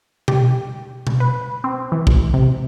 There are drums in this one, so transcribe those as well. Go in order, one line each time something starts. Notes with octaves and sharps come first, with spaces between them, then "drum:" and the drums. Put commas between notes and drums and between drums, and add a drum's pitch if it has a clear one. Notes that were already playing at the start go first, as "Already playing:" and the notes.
G4, drum: tom B2
drum: tom B2
B4
C4
E3
A1, drum: kick
C3